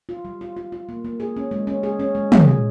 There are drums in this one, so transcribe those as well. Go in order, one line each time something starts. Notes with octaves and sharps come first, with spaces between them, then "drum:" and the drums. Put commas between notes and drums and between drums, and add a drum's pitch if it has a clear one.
F4
G3
F4
F4
F4
A#3
A#3
G#4
C#4
G#3
C#4
G#4
C#4
G#3
G#4, drum: tom
G#3